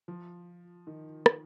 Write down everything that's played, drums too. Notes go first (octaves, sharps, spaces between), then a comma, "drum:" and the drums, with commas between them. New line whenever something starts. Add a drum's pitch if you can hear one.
F3
D#3
drum: rim click